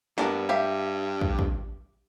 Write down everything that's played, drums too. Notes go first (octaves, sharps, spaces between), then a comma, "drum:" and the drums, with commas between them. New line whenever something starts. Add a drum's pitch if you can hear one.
G2 B3 D4 A#4, drum: snare
G4 E5 F5
drum: kick
drum: kick